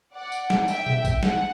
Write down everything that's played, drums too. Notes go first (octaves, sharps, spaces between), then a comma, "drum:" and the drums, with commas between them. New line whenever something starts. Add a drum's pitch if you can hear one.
D5 F#5
drum: tambourine
drum: snare
E5 G5, drum: tambourine
drum: tom B2
drum: kick, tambourine
F#5, drum: snare